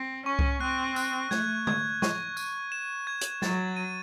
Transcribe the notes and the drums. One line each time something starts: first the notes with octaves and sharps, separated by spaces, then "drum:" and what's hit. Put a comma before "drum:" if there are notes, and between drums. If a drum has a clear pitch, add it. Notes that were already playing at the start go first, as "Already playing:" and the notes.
Already playing: C4
C#4 C#6
drum: kick C2
C4 F#6
F#6, drum: tambourine
A3 G#6, drum: snare
G#6, drum: tom D3
C#6, drum: snare
F#6, drum: tambourine
E7
G#6
drum: hi-hat
F#3 A6, drum: snare
D#7